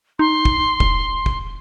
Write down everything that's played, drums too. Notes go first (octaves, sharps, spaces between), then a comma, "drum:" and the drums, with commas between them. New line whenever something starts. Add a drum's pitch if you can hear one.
D#4 C6
drum: kick
E1, drum: kick
drum: kick